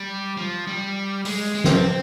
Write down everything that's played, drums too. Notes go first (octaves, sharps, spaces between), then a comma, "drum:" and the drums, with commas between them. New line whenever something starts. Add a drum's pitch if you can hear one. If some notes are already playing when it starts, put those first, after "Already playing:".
Already playing: G3
F3
G3
G#3, drum: open hi-hat
G#3
A#3, drum: snare
C4